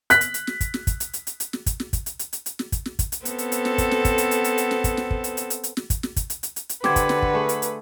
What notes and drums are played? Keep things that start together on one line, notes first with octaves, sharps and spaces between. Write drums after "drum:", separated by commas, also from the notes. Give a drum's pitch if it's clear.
F#6 B6, drum: hi-hat
drum: hi-hat
drum: hi-hat
drum: snare
drum: kick, hi-hat
drum: snare
drum: kick, hi-hat
drum: hi-hat
drum: hi-hat
drum: hi-hat
drum: hi-hat
drum: snare
drum: kick, hi-hat
drum: snare
drum: kick, hi-hat
drum: hi-hat
drum: hi-hat
drum: hi-hat
drum: hi-hat
drum: snare
drum: kick, hi-hat
drum: snare
drum: kick, hi-hat
drum: hi-hat
B3 C4 A4, drum: hi-hat
drum: hi-hat
drum: hi-hat
drum: snare
drum: kick, hi-hat
drum: snare
drum: kick, hi-hat
drum: hi-hat
drum: hi-hat
drum: hi-hat
drum: hi-hat
drum: snare
drum: kick, hi-hat
drum: snare
drum: kick
drum: hi-hat
drum: hi-hat
drum: hi-hat
drum: hi-hat
drum: snare
drum: kick, hi-hat
drum: snare
drum: kick, hi-hat
drum: hi-hat
drum: hi-hat
drum: hi-hat
drum: hi-hat
D3 G4 A4 B4 C5 F#5 D6 G#6, drum: snare
drum: kick, hi-hat
drum: snare
drum: kick
A3 G#4
drum: hi-hat
drum: hi-hat